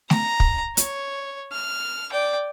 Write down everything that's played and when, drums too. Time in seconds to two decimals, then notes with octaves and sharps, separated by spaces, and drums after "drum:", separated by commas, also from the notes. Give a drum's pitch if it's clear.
0.10 A#5, drum: snare A3
0.40 drum: kick
0.77 C#5, drum: hi-hat
1.52 F6
2.12 D5 G5